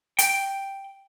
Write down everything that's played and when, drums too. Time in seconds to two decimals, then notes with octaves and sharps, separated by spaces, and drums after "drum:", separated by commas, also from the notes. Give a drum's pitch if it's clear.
0.19 G5, drum: hi-hat